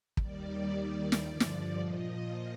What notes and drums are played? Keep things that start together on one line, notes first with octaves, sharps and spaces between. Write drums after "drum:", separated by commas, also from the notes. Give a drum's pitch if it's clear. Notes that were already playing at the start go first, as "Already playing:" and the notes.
D#2 D#3 G3 D5, drum: kick
D#2 D#3 G3
drum: snare
G2 D3 F3 D5
drum: snare
A#2 F3 D#5